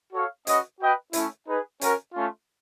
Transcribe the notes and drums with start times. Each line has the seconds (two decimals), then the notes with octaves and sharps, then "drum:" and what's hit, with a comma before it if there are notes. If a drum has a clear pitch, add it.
0.13 F#4 A4 C#5 F5
0.47 C#4 F#4 B4 D#5, drum: hi-hat
0.80 F#4 B4 D#5 G5
1.13 A3 C#4 E4, drum: hi-hat
1.47 D#4 G#4 B4
1.81 C#4 F#4 A#4, drum: hi-hat
2.14 A3 C#4 F4